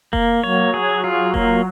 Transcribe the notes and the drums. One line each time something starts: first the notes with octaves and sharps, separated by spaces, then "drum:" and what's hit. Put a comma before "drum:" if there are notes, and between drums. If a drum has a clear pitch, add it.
A#3, drum: kick F1
F#3 C#5
G#4
F4
A#3, drum: kick F1